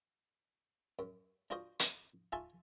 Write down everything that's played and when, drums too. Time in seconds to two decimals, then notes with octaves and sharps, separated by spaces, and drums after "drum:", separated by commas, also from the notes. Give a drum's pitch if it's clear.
0.99 F#2
1.50 D4 F4 F#4 C5 D#5
1.80 drum: hi-hat
2.32 F4 E5 G#5 A5 C#6